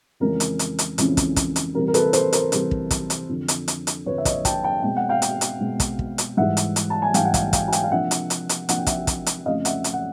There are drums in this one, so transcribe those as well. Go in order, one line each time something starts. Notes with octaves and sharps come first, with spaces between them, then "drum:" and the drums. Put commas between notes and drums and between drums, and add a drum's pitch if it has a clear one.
F2 C#3 E3 G#3 C#4 A#4
drum: hi-hat
drum: hi-hat
drum: hi-hat
F2 C#3 E3 G#3 C#4, drum: hi-hat
drum: kick, hi-hat
drum: kick, hi-hat
drum: hi-hat
C3 E3 G3 C4 A#4
A#4
A4 B4, drum: hi-hat
A#4 C5, drum: hi-hat
A#4 C5, drum: hi-hat
C3 E3 G3 C4, drum: hi-hat
drum: kick
drum: kick, hi-hat
drum: hi-hat
F2 D3 F3
drum: hi-hat
drum: hi-hat
drum: hi-hat
F2 D3 F3 B4 C#5
E5
C#5 D#5, drum: kick, hi-hat
G5 A5, drum: kick, hi-hat
G5 A5
B2 G#3 C4 G5
F#5
F5 G5
drum: hi-hat
drum: hi-hat
B2 G#3 C4
drum: kick, hi-hat
drum: kick
drum: hi-hat
G#2 E3 G3 E5 F#5
drum: hi-hat
drum: hi-hat
A5
G#5
G#2 E3 G3 F5 G5, drum: hi-hat
F#5
F5 G5, drum: kick, hi-hat
F5 G5, drum: kick, hi-hat
G#5
F5 G5, drum: hi-hat
F5
C3 F3 A#3 D4 E5 F#5
drum: hi-hat
drum: hi-hat
drum: hi-hat
C3 F3 A#3 D4 F#5, drum: hi-hat
G5
E5 F#5, drum: kick, hi-hat
drum: kick, hi-hat
drum: hi-hat
F2 C#3 F3 A3 C#4 D#5 F5
E5 F#5, drum: hi-hat
drum: hi-hat
F#5